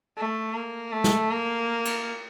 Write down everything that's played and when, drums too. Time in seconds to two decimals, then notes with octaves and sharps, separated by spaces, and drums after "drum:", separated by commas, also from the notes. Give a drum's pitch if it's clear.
0.18 A3
0.55 A#3
0.93 A3
1.04 drum: snare
1.31 A#3
1.85 drum: cymbal